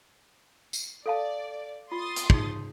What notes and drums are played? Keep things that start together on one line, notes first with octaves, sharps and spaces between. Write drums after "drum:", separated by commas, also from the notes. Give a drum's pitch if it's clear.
drum: tambourine
A4 D5 F5 A5
F4 C6 D#6 A6
drum: hi-hat
D#4 G#4, drum: kick